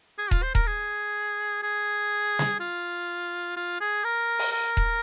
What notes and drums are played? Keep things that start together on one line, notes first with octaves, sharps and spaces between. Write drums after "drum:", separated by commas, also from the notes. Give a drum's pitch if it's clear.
G#4
F4, drum: kick D#1
C5
A#4, drum: kick D#1
G#4
G#4
drum: snare
F4
F4
G#4
A#4
drum: open hi-hat
A#4
drum: kick D#1